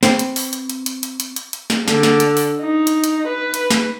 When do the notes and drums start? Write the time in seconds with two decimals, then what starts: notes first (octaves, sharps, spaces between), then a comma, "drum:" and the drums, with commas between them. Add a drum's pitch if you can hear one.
0.03 C4 B4, drum: snare
0.19 drum: hi-hat
0.36 drum: open hi-hat
0.53 drum: hi-hat
0.70 drum: hi-hat
0.86 drum: hi-hat
1.03 drum: hi-hat
1.20 drum: hi-hat
1.36 drum: hi-hat
1.53 drum: hi-hat
1.70 drum: snare
1.88 D3, drum: snare
2.03 drum: snare
2.20 drum: hi-hat
2.37 drum: open hi-hat
2.61 D#4
2.87 drum: hi-hat
3.04 drum: hi-hat
3.28 B4
3.54 drum: hi-hat
3.70 drum: snare